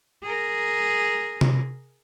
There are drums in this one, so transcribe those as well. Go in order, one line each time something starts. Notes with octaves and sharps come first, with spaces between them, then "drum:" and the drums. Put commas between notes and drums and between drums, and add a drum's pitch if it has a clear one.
G#4 A#4
drum: tom C3